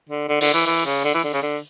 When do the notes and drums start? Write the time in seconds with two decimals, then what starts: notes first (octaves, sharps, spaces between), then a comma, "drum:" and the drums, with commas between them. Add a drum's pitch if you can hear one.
0.09 D3
0.28 D3
0.41 D3, drum: open hi-hat
0.53 E3
0.66 E3
0.85 C#3
1.04 D3
1.14 E3
1.24 D3
1.33 C#3
1.43 D3